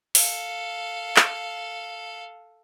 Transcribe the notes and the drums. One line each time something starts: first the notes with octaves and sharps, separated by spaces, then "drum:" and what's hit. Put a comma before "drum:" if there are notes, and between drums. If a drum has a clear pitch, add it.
A4 F5, drum: open hi-hat
drum: clap